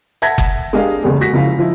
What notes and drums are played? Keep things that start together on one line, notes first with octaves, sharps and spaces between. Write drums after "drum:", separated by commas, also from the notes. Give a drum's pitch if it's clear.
E5 F#5 A5 G#6 A#6 B6, drum: hi-hat
drum: kick F#1
G#3 D4 G4 A#4 D#5 F5
F#1 E2 G#3 G#4
F#4 A#6 B6
F#1 F3 E4 F5
F3 D#4 E4